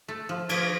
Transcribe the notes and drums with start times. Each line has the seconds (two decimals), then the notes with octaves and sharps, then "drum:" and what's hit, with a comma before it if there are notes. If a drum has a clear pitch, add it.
0.08 A3
0.29 F3
0.49 F3, drum: cymbal